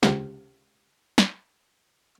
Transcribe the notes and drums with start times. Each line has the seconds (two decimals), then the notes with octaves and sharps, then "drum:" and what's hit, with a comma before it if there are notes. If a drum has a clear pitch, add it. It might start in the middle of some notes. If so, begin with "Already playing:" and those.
0.03 C#2 C3, drum: snare
1.18 drum: snare